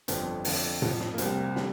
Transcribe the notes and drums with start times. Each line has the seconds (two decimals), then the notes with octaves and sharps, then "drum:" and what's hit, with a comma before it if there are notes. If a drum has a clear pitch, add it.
0.08 G1 F2 D3 F3 C4, drum: hi-hat
0.45 F2 D3 F3, drum: open hi-hat
0.82 F2 F3, drum: tom A2
1.00 drum: snare
1.14 A#3
1.18 C2 C3 G3 C4, drum: hi-hat
1.37 A#3
1.56 D3 G3, drum: snare